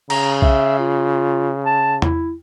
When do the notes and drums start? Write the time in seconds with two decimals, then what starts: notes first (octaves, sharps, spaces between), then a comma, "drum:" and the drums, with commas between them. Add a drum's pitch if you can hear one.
0.10 C#3 A#5, drum: cymbal
0.42 E5, drum: kick B1
0.79 F4
1.65 A5
2.02 E4, drum: tom